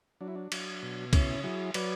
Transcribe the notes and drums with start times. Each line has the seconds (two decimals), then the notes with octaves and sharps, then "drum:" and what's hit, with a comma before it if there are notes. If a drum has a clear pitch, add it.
0.21 F#3 D4
0.28 E4
0.35 D4
0.52 F#3, drum: cymbal
0.82 B2
1.13 C#3 C#4 E4, drum: kick C2, cymbal
1.43 F#3 E4 G#4
1.74 F#3 B4 D5, drum: cymbal